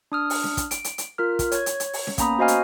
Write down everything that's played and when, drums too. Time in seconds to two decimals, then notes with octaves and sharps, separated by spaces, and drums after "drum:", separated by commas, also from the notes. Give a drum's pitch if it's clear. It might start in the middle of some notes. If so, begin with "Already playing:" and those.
0.12 D4 D#6 F6
0.30 drum: open hi-hat
0.44 drum: snare C#4
0.57 drum: kick, hi-hat
0.71 D7, drum: hi-hat
0.84 drum: hi-hat
0.98 drum: hi-hat
1.18 F4 A#4 F6
1.39 drum: kick, hi-hat
1.52 C#5 G#6, drum: hi-hat
1.66 drum: hi-hat
1.80 drum: hi-hat
1.93 drum: open hi-hat
2.07 drum: snare C#4
2.18 A#3 B3 C#4 A#5 B5 D#6, drum: kick, hi-hat
2.39 F#4 C5 D#5 F5 G#5 F6
2.48 drum: hi-hat